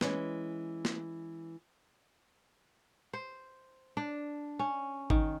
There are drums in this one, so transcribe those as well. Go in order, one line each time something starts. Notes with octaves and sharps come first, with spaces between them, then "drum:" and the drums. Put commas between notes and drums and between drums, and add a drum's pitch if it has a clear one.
E3 G#3 C#4, drum: snare
drum: snare
C5
D4
C#4
D#3, drum: kick G#1